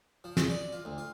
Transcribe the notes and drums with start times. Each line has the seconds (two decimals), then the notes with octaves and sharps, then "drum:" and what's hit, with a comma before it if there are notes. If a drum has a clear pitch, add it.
0.24 F3
0.37 G#4, drum: snare
0.50 D5
0.73 F4
0.85 D2
0.98 F4